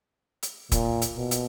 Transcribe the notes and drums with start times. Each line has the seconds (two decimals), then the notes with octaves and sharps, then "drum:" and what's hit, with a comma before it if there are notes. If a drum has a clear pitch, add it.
0.43 drum: hi-hat
0.72 A#2, drum: kick, hi-hat
1.02 drum: hi-hat
1.17 B2
1.31 drum: hi-hat